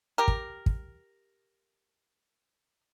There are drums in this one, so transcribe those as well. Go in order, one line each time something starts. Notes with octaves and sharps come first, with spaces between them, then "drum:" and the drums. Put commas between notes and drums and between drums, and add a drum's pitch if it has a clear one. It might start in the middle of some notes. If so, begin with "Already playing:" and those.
G4 A#4
drum: kick
drum: kick